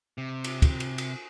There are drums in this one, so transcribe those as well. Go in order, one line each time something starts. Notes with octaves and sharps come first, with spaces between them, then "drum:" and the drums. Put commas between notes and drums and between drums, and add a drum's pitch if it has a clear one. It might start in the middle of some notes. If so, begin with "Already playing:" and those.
C3
drum: cymbal
drum: kick, cymbal
drum: cymbal
drum: cymbal